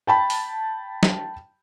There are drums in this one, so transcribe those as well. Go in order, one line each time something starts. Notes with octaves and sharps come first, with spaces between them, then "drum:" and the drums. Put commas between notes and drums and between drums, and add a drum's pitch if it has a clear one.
G5 A5 B5
drum: open hi-hat
drum: snare